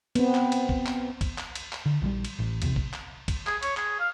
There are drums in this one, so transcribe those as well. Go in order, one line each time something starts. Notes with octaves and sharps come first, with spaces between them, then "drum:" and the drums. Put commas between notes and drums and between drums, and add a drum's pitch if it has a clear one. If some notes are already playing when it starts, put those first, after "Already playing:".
B3 C4, drum: cymbal
drum: clap
drum: cymbal
drum: kick
drum: clap
drum: kick, cymbal
drum: clap
drum: cymbal
drum: clap
D3
A#1 E3 G3
drum: cymbal
A1
D#1 B1 E2 C3, drum: cymbal
drum: kick
drum: clap
drum: kick, cymbal
G#4, drum: clap
C#5, drum: cymbal
G#4, drum: clap
F5